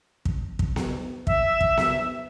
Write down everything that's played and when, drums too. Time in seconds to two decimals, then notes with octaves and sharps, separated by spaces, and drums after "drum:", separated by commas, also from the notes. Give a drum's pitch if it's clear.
0.25 drum: kick
0.59 drum: kick
0.76 drum: snare B3
1.27 E5, drum: kick
1.61 drum: kick
1.77 drum: snare B3